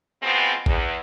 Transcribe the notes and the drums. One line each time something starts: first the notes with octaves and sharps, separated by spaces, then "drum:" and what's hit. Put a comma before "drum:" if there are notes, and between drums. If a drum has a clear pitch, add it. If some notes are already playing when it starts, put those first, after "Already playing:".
G#2 B2 F3 G#3 B3 C4
E2, drum: kick